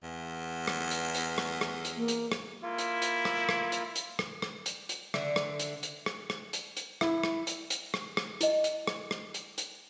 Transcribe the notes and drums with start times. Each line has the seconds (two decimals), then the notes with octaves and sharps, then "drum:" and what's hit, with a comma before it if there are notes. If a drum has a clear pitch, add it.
0.03 E2
0.68 drum: rim click
0.91 drum: hi-hat
1.14 drum: hi-hat
1.38 drum: rim click
1.61 drum: rim click
1.85 drum: hi-hat
1.97 A#3
2.08 drum: hi-hat
2.32 drum: rim click
2.63 A#3 E4 F4
2.78 drum: hi-hat
3.02 drum: hi-hat
3.25 drum: rim click
3.49 drum: rim click
3.72 drum: hi-hat
3.96 drum: hi-hat
4.19 drum: rim click
4.42 drum: rim click
4.66 drum: hi-hat
4.89 drum: hi-hat
5.14 D3 E5, drum: rim click
5.36 drum: rim click
5.60 drum: hi-hat
5.83 drum: hi-hat
6.06 drum: rim click
6.30 drum: rim click
6.53 drum: hi-hat
6.77 drum: hi-hat
7.01 E4, drum: rim click
7.23 drum: rim click
7.47 drum: hi-hat
7.70 drum: hi-hat
7.94 drum: rim click
8.17 drum: rim click
8.41 E4 D#5, drum: hi-hat
8.64 drum: hi-hat
8.87 drum: rim click
9.11 drum: rim click
9.34 drum: hi-hat
9.58 drum: hi-hat